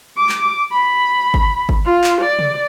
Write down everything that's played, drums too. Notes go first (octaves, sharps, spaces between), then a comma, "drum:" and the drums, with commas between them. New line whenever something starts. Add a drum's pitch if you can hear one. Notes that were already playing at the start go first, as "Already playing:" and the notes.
D6
drum: clap
B5
drum: kick G1
drum: kick G1
F4
drum: clap
D5
drum: tom C3